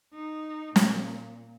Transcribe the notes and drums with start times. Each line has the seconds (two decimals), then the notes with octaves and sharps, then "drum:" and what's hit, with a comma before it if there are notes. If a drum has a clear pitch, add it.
0.14 D#4
0.76 A#2, drum: snare